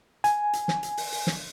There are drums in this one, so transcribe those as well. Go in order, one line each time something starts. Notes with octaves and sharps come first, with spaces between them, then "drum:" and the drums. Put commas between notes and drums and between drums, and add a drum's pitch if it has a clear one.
G#5, drum: hi-hat
drum: hi-hat
drum: snare
drum: hi-hat
drum: open hi-hat
drum: open hi-hat
drum: snare